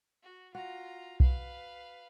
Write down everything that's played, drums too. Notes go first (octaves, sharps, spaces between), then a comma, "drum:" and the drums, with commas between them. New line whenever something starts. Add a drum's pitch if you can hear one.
F#4
F4 F#4 A#5
B4 F5, drum: kick B1